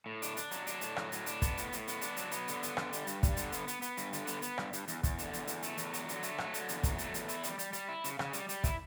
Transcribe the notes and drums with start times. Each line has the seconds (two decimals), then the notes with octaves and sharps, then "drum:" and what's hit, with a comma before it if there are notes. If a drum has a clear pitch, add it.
0.06 A2
0.22 D4, drum: hi-hat
0.37 D4, drum: hi-hat
0.51 F#3, drum: hi-hat
0.67 D4, drum: hi-hat
0.81 A2, drum: hi-hat
0.96 F#3, drum: rim click
1.12 A2, drum: hi-hat
1.26 D4, drum: hi-hat
1.42 B3, drum: kick, hi-hat
1.57 A2, drum: hi-hat
1.73 A2, drum: hi-hat
1.88 B3, drum: hi-hat
2.01 D4, drum: hi-hat
2.17 F#3, drum: hi-hat
2.31 B3, drum: hi-hat
2.48 D3, drum: hi-hat
2.63 B3, drum: hi-hat
2.77 D3, drum: rim click
2.93 G3, drum: hi-hat
3.07 G2, drum: hi-hat
3.23 G3, drum: kick, hi-hat
3.37 D3, drum: hi-hat
3.52 B3, drum: hi-hat
3.68 B3, drum: hi-hat
3.82 B3, drum: hi-hat
3.97 G2, drum: hi-hat
4.13 D3, drum: hi-hat
4.27 B3, drum: hi-hat
4.42 B3, drum: hi-hat
4.58 G2, drum: rim click
4.73 G2, drum: hi-hat
4.88 E2, drum: hi-hat
5.03 E2, drum: kick, hi-hat
5.18 D3, drum: hi-hat
5.33 E2, drum: hi-hat
5.47 E2, drum: hi-hat
5.63 A3, drum: hi-hat
5.78 E2, drum: hi-hat
5.93 F#3, drum: hi-hat
6.09 D3, drum: hi-hat
6.23 A3, drum: hi-hat
6.38 F#3, drum: rim click
6.54 D3, drum: hi-hat
6.69 E2, drum: hi-hat
6.83 F#3, drum: kick, hi-hat
6.98 A3, drum: hi-hat
7.14 E2, drum: hi-hat
7.29 E4, drum: hi-hat
7.43 G3, drum: hi-hat
7.59 G3, drum: hi-hat
7.73 G3, drum: hi-hat
7.89 E4
8.04 C#3, drum: hi-hat
8.19 C#3, drum: rim click
8.33 G3, drum: hi-hat
8.49 G3, drum: hi-hat
8.64 E4, drum: kick, hi-hat